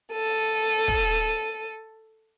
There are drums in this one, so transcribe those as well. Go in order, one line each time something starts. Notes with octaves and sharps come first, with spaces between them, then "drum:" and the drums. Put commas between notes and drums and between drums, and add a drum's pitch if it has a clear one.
A4 D#7
drum: kick
drum: hi-hat